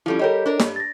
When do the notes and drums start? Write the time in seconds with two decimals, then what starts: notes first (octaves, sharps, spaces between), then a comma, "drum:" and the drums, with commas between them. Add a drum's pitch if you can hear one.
0.06 F3 G3 C#4 E4 A4
0.19 G3 G4 A4 A#4 C#5 D#5
0.46 D4 A#4
0.60 G2, drum: snare
0.76 A6 A#6